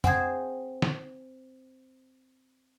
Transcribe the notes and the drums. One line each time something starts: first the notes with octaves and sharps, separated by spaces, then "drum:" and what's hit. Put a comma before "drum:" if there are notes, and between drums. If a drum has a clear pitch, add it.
C4 G#4 C5 F#5 G#6, drum: tom
drum: snare